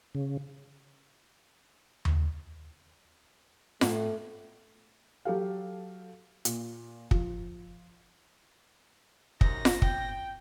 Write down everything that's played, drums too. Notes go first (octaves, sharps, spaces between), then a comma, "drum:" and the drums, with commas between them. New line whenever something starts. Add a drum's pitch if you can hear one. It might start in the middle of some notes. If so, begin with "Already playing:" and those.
C#3
drum: tom D#2
A2 A3, drum: snare F4
F#3 G4 A4 F5
A#2, drum: hi-hat
F3, drum: kick
F#2 C3 D#4 A#6, drum: kick
drum: snare F4
G5, drum: kick